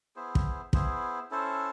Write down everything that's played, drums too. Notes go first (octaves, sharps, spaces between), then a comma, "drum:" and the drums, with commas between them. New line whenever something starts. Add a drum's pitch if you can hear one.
B3 E4 G#4 C5
drum: kick
B3 E4 G#4 C5, drum: kick
C#4 E4 A4 C5